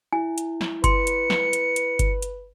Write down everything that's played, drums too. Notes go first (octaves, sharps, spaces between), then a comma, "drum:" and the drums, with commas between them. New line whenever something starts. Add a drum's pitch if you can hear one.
E4 G#5
drum: hi-hat
drum: snare
B4 C6 C#7, drum: kick G1, hi-hat
drum: hi-hat
drum: snare
drum: hi-hat
drum: hi-hat
drum: kick G1, hi-hat
drum: hi-hat